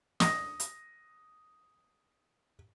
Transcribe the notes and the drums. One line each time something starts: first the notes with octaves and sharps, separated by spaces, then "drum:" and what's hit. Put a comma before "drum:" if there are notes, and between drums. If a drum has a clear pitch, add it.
D#6 A#6, drum: snare
drum: hi-hat